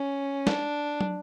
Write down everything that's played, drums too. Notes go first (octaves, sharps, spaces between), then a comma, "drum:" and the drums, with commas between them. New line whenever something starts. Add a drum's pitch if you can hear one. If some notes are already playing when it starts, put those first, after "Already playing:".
Already playing: C#4
D4, drum: snare
drum: tom